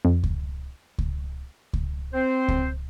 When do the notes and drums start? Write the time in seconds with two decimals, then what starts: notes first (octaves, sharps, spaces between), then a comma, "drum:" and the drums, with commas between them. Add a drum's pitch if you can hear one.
0.05 F2
0.23 drum: kick C#2
0.98 drum: kick C#2
1.73 drum: kick C#2
2.13 C4 C5
2.48 drum: kick C#2